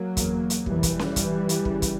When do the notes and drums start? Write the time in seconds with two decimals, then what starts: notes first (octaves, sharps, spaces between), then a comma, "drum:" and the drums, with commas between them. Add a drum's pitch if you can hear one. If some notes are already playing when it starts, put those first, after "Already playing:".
Already playing: F#3 A#3
0.17 E2 C#3, drum: kick, hi-hat
0.50 drum: hi-hat
0.66 E2 B2 E3 G3, drum: kick
0.83 drum: kick, hi-hat
0.99 drum: snare C#4
1.16 G2, drum: kick, hi-hat
1.49 drum: hi-hat
1.65 C#3, drum: kick
1.82 drum: kick, hi-hat